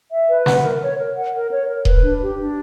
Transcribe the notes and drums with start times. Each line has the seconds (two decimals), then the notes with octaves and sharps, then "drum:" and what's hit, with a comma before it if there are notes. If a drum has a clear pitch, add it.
0.11 E5
0.29 B4
0.46 F#5, drum: snare
0.63 A#4
0.81 C#5
0.99 A#4
1.16 F#5
1.34 A#4
1.51 C#5
1.68 A#4
1.85 B4, drum: kick D#1
2.03 D4
2.21 G4
2.38 D4